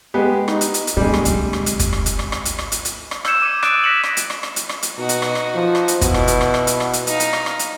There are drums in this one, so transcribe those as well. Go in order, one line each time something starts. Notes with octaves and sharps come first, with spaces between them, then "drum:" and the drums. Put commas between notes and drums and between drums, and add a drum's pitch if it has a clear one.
G#3 B3 G4
D#4, drum: rim click
drum: hi-hat
drum: hi-hat
drum: hi-hat
A#2 G3 G#3 C#4
drum: rim click
G#1 D2, drum: hi-hat
drum: rim click
drum: hi-hat
drum: kick, hi-hat
drum: rim click
drum: hi-hat
drum: rim click
drum: rim click
drum: hi-hat
drum: rim click
drum: hi-hat
drum: hi-hat
drum: rim click
E6 F6 G6 G#6 C#7 E7, drum: rim click
D6 D#7
D6 D#6 F#6 A6 D7 E7, drum: rim click
F#6 A#6 B6 C#7 E7 F#7
drum: rim click
drum: hi-hat
drum: rim click
drum: rim click
drum: hi-hat
drum: rim click
drum: hi-hat
B2 D#4 F#4
drum: hi-hat
drum: rim click
drum: rim click
F3
drum: rim click
drum: hi-hat
B2 E4, drum: kick, hi-hat
drum: rim click
drum: hi-hat
drum: rim click
drum: rim click
drum: hi-hat
drum: rim click
drum: hi-hat
D#4 F5, drum: hi-hat
drum: hi-hat
drum: rim click
drum: rim click
drum: hi-hat